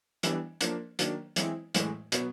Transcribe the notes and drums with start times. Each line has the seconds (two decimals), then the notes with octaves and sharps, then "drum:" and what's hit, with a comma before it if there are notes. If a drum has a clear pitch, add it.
0.23 E3 G3 B3 D4, drum: hi-hat
0.61 F3 A#3 D4, drum: hi-hat
0.99 D#3 F#3 A#3 D4, drum: hi-hat
1.36 E3 G#3 C4 E4, drum: hi-hat
1.74 A2 E3 G#3, drum: hi-hat
2.12 B2 F#3 B3, drum: hi-hat